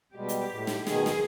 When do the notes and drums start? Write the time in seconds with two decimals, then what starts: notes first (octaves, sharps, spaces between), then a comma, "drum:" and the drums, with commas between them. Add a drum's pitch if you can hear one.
0.16 B2 G3 G#3 G4
0.29 drum: hi-hat
0.52 A2
0.67 drum: snare
0.87 B2 D#3 G#4, drum: snare
1.06 drum: snare